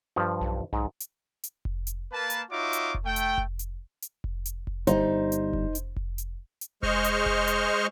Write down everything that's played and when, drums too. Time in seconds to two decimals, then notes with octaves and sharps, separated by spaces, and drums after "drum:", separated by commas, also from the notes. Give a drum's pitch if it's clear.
0.16 G2 F3
0.41 B1
0.73 B1 G#2
1.00 drum: hi-hat
1.44 drum: hi-hat
1.65 drum: kick F1
1.87 drum: hi-hat
2.12 A#3 B4 A5
2.30 drum: hi-hat
2.51 D#4 F4 F#4 C#5 E5 D6
2.73 drum: hi-hat
2.95 drum: kick F1
3.06 A3 G5
3.16 drum: hi-hat
3.38 drum: kick F1
3.59 drum: hi-hat
4.02 drum: hi-hat
4.24 drum: kick F1
4.45 drum: hi-hat
4.67 drum: kick F1
4.87 G1 G3 D#4 C5, drum: hi-hat
5.32 drum: hi-hat
5.53 drum: kick F1
5.75 drum: hi-hat
5.96 drum: kick F1
6.18 drum: hi-hat
6.61 drum: hi-hat
6.83 G#3 C5 D#5 C#6 F6, drum: kick F1
7.04 drum: hi-hat
7.26 drum: kick F1
7.47 drum: hi-hat